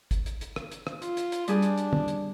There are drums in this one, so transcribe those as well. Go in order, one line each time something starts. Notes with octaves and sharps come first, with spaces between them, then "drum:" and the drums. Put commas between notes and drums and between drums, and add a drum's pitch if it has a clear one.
drum: kick, hi-hat
drum: hi-hat
drum: hi-hat
drum: rim click
drum: hi-hat
drum: rim click
F4, drum: hi-hat
drum: hi-hat
drum: hi-hat
G3 D4 G#4, drum: hi-hat
drum: hi-hat
drum: hi-hat
drum: tom
drum: hi-hat